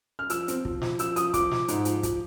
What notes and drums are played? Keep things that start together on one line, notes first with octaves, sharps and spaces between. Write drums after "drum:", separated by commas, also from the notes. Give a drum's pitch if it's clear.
F6
F3 E6, drum: hi-hat
C4, drum: hi-hat
F3, drum: kick
F3, drum: snare
F3 E6, drum: hi-hat
F3 D#6, drum: hi-hat
F3 D6, drum: kick, hi-hat
F3, drum: snare
G#2, drum: hi-hat
F3, drum: hi-hat
F3, drum: kick, hi-hat